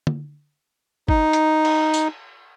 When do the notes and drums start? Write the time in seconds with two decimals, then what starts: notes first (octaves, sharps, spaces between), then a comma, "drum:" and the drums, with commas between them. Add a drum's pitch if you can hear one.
0.07 drum: tom
1.08 D#4, drum: kick G1
1.33 drum: hi-hat
1.65 drum: cymbal
1.94 drum: tambourine